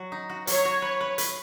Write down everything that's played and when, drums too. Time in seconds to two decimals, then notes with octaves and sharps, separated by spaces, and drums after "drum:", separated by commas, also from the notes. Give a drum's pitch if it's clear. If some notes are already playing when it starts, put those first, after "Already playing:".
Already playing: F#3 F#4
0.12 D#4
0.29 F#4
0.47 F#3 C#5, drum: hi-hat
0.65 F#4
0.82 B4
1.00 B4
1.18 B4, drum: hi-hat